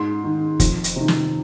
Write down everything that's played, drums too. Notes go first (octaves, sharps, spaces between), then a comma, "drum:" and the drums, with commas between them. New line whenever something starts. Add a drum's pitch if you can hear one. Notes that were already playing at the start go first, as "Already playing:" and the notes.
Already playing: G#2 C6
D#3
F2, drum: kick F#1, hi-hat
drum: hi-hat
C3 D#3
drum: snare